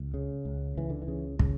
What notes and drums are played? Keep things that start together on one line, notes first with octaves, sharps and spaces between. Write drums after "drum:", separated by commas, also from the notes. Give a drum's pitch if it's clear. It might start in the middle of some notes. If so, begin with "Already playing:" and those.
Already playing: C#2
C#3
C#2
C#2 E3
D3
E3
C#3
C#3, drum: kick